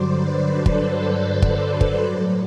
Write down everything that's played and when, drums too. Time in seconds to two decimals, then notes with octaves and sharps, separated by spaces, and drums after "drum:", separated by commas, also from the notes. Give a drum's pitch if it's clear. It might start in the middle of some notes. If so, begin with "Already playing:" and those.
Already playing: G2 D3 F#3 C5 D5
0.09 B4
0.47 A4
0.66 drum: kick
1.42 drum: kick
1.81 drum: kick
2.00 A2 F#3